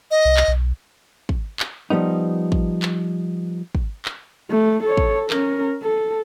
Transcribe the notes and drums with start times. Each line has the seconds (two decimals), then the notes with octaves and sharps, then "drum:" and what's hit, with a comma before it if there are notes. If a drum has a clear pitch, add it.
0.11 D#5
0.25 C2
0.37 drum: clap
0.48 B1
1.29 drum: kick
1.60 drum: clap
1.90 F3 G3 B3 D#4
2.52 drum: kick
2.83 drum: clap
3.75 drum: kick
4.05 drum: clap
4.51 A3
4.84 A4 C#5
4.97 drum: kick
5.30 C#4 A#4, drum: clap
5.82 A4